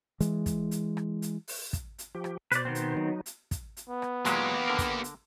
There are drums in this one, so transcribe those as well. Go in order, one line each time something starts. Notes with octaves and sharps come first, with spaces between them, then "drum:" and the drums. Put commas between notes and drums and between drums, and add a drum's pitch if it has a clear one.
E3 G#3, drum: hi-hat
drum: kick, hi-hat
drum: hi-hat
drum: rim click
drum: hi-hat
drum: open hi-hat
drum: kick, hi-hat
drum: hi-hat
F3 G4
drum: rim click
B2 B4 C5 D5, drum: hi-hat
D#3 B3 C4
drum: hi-hat
F#3 D#4
drum: hi-hat
drum: kick, hi-hat
drum: hi-hat
B3
drum: rim click
A#2 F#3 G#3 A#3 G4, drum: hi-hat
D3 A#4
drum: kick, hi-hat
drum: hi-hat